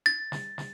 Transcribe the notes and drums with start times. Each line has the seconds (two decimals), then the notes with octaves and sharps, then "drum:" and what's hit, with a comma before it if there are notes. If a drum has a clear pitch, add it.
0.06 A6
0.32 drum: snare
0.58 drum: snare